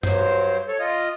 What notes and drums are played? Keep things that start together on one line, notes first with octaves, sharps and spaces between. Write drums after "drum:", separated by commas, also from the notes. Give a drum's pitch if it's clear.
G2 F#3 C5, drum: tom G2
A4 C#5
F4 D#5